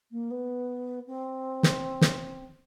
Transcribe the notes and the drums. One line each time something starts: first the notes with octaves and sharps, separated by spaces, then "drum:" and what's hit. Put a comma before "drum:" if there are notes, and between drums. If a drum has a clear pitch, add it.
A#3
B3
C4
drum: snare
drum: snare